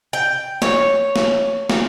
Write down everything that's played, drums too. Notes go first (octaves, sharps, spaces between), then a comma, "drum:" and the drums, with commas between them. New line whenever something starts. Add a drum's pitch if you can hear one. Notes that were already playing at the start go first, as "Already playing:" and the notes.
G5
C#5, drum: snare
drum: snare
drum: snare